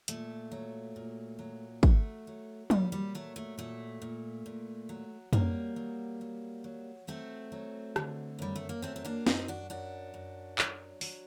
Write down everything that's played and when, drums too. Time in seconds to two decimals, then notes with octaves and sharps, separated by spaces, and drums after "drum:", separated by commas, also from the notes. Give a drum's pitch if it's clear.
0.08 A#2 A3, drum: hi-hat
0.51 F#3
0.96 A#2
1.39 F#3
1.83 F#3 A3, drum: kick
2.27 F#3
2.70 A#2 G3, drum: tom
2.92 G3
3.15 F#3 A3
3.36 A3
3.58 A#2 A3
4.02 A#2
4.46 A#2
4.89 F#3
5.33 F#3 G3 A#3, drum: tom
5.76 F#3
6.21 F#3
6.64 F#3
7.07 F#3 A3 C4
7.52 F#3
7.96 D3, drum: rim click
8.39 F#2 G3
8.56 A3
8.69 A#3
8.82 F#3 A3 C4
8.96 C4
9.05 A#3 D4
9.27 F#2 C4 D#4, drum: snare
9.48 D4 F#4
9.70 F#2 D4 F#4
10.14 F#2
10.58 F#3, drum: clap
11.01 F#3, drum: open hi-hat